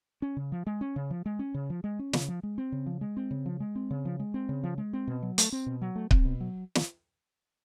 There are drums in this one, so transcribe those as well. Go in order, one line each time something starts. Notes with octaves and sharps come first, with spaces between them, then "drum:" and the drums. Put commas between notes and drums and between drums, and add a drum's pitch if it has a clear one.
C#4
C#3
F3
G#3
C#4
C#3
F3
G#3
C#4
C#3
F3
G#3
C#4
C#3, drum: snare
F3
G#3
C4
C#3
F3
G#3
C4
C#3
F3
G#3
C4
C#3
F3
G#3
C4
C#3
F3
G#3
C4
B2
F#3
A3, drum: hi-hat
C4
B2
F#3
A3
C4, drum: kick C#1
B2
F#3
drum: snare